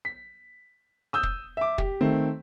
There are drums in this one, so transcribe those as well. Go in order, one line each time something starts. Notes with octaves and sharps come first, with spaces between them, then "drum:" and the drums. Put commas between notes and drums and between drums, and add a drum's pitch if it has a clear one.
B6
D#6 E6 G6
drum: kick
E5 D6
G4, drum: kick
D#3 A3 C4